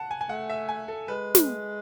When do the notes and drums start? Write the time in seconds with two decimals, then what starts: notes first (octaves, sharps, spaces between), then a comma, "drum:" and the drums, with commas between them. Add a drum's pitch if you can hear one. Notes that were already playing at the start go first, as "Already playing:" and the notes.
Already playing: F#5 A5
0.11 G#5
0.21 G#5
0.29 A3 F#5
0.50 E5
0.69 G#5
0.88 A4
1.08 G#3 B4
1.35 drum: snare